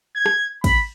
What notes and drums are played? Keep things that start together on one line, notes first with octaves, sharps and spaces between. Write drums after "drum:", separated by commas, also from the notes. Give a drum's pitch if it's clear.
G#6
drum: rim click
B5, drum: kick, cymbal